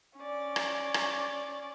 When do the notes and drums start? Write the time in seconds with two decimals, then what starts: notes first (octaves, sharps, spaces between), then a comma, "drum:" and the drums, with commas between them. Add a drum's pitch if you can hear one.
0.18 C#4 D5
0.56 drum: rim click
0.94 drum: rim click